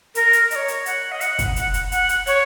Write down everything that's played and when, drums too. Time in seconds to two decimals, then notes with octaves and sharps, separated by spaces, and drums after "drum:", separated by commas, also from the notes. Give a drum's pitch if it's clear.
0.15 A#4, drum: hi-hat
0.33 drum: hi-hat
0.51 D#5, drum: hi-hat
0.56 C#5
0.68 drum: hi-hat
0.86 F#5, drum: hi-hat
1.12 D#5
1.21 F#5, drum: hi-hat
1.39 drum: kick, hi-hat
1.56 F#5, drum: hi-hat
1.74 drum: hi-hat
1.92 F#5, drum: hi-hat
2.09 drum: hi-hat
2.27 C#5, drum: hi-hat